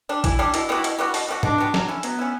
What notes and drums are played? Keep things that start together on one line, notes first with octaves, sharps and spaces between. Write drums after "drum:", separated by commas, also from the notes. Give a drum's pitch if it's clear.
G3 D4
E3 E4, drum: kick, hi-hat
G3 D4
B2 E4, drum: hi-hat
G3 B3 F#4
B2, drum: hi-hat
G3 B3 F#4
B2, drum: open hi-hat
G3 B3 F#4
B2 D4, drum: tom G#2
G3 B3 F#4
F#3, drum: snare
C#4 E4
F#3 B3, drum: hi-hat
C#4 E4